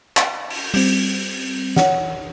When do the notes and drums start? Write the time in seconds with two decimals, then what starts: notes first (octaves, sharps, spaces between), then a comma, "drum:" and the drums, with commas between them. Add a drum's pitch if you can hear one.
0.17 drum: clap
0.50 drum: open hi-hat
0.74 G3 C4, drum: open hi-hat
1.76 C#5 F#5, drum: snare